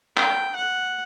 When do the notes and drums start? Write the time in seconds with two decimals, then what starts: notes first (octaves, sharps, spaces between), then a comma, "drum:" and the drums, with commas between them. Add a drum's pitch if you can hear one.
0.17 G5, drum: clap
0.56 F#5